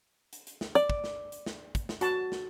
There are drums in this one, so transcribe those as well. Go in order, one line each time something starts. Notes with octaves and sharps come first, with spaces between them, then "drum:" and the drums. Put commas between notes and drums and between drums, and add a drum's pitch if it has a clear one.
drum: hi-hat
drum: hi-hat
drum: snare
D5, drum: hi-hat
drum: kick
drum: snare
drum: hi-hat
drum: snare
drum: kick, hi-hat
drum: snare
F#4 A5, drum: hi-hat
drum: snare